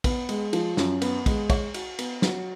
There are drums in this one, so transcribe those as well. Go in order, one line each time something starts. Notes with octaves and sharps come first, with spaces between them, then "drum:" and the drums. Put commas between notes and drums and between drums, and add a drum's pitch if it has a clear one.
B3, drum: kick, cymbal
G#3, drum: cymbal
F3, drum: cymbal
F#2, drum: snare
B3, drum: cymbal
G#3, drum: kick, cymbal
C#5, drum: kick, cymbal
F#4, drum: cymbal
B3, drum: cymbal
F#3, drum: snare